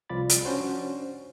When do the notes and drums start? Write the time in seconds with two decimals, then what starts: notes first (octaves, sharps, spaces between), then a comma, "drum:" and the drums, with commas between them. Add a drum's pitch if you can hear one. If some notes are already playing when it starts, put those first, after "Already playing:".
0.09 C2 F3 F4 D5 B5 A6
0.29 drum: hi-hat
0.45 C#4 D4 F#4 C5